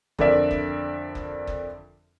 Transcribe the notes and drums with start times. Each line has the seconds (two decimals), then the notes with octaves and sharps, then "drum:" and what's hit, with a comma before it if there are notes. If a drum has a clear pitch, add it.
0.18 F2 D3 A#4 D5 E5, drum: kick F#1
0.51 drum: kick F#1
1.15 drum: kick F#1
1.47 drum: kick F#1